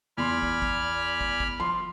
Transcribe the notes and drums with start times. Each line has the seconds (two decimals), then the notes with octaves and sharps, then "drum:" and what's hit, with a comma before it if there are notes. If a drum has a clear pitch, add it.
0.18 E2 D5 G#5 B5 C6 F6
0.43 drum: kick
0.62 drum: kick
1.21 drum: kick
1.40 drum: kick
1.60 F3 C6